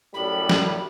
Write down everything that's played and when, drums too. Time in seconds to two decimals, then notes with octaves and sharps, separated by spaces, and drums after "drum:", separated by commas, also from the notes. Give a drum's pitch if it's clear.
0.14 F#2 A2 G3 B5
0.49 drum: snare